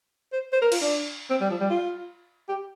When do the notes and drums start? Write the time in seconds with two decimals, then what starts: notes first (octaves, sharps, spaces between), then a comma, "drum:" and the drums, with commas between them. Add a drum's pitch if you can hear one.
0.33 C5
0.53 C5
0.62 A#4
0.72 F4, drum: cymbal
0.81 D4
1.30 C4
1.41 G3
1.50 F3
1.60 G3
1.70 F4
2.49 G4